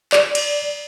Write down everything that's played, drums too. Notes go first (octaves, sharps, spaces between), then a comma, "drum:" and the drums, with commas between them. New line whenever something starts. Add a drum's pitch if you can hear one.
D5, drum: clap
drum: cymbal